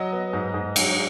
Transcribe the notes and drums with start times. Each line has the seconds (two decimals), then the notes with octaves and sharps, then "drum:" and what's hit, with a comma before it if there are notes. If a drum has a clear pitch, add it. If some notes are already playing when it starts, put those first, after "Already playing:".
Already playing: F#3 D#5
0.12 B3
0.33 G#2
0.54 G#2
0.76 F#3, drum: cymbal